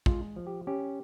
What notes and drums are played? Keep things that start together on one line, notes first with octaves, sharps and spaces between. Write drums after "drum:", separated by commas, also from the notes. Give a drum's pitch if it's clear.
G#3 F4, drum: kick
F3
G4
C#4 G4